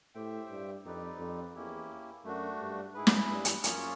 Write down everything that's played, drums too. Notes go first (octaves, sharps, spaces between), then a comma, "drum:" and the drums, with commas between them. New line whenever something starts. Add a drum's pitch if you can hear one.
A2 G4 C5 E5 G5
G2
F2 C4 D#4 G4 B4 D5
F2
E2 A#3 C#4 E4 G4
F#2 A3 D4 F#4
G2
G#2 E4 G#4 B4
drum: snare
G2
drum: hi-hat
F#2 A#3 C#4 F4 G#4 C#5, drum: hi-hat